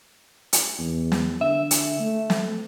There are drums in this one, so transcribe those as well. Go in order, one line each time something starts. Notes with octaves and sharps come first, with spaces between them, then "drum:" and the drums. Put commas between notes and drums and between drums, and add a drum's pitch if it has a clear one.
drum: hi-hat
E2
drum: snare
D3 E5
drum: hi-hat
A3
drum: snare